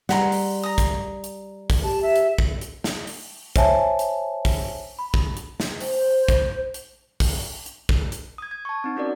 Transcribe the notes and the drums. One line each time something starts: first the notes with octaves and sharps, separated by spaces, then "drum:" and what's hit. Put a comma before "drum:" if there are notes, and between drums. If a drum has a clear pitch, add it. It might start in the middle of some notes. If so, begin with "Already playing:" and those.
G3 F#5 A#5 C6, drum: snare
drum: open hi-hat
A#5 D#6
drum: kick, hi-hat
drum: hi-hat
drum: kick, open hi-hat
G4 A5
E5
drum: hi-hat
drum: kick
drum: hi-hat
drum: snare
drum: open hi-hat
C5 C#5 E5 G#5 A5, drum: kick, hi-hat
drum: hi-hat
drum: kick, open hi-hat
B5
drum: kick
drum: hi-hat
drum: snare
C5, drum: open hi-hat
drum: kick, hi-hat
drum: hi-hat
drum: kick, open hi-hat
drum: hi-hat
drum: kick
drum: hi-hat
D#6 G#6
G#6
A5 C#6
C4 D#4
C#4 D#4 F#4 A#4 D5